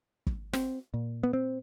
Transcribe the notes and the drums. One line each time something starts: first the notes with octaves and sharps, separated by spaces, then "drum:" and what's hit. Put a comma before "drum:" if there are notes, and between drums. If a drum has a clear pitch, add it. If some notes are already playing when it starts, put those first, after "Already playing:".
drum: kick
C4, drum: snare
A#2
B3
C4